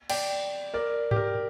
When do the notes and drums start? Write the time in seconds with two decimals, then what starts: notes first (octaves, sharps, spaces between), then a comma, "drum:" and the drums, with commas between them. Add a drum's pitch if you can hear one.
0.10 D5 G5, drum: cymbal
0.74 A#4 D5
1.11 G4, drum: tom G#2
1.16 A#4